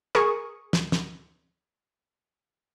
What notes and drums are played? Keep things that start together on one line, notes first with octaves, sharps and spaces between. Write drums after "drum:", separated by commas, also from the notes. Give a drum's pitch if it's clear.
G#4 A#4 C#6 D#6, drum: rim click
drum: snare
drum: snare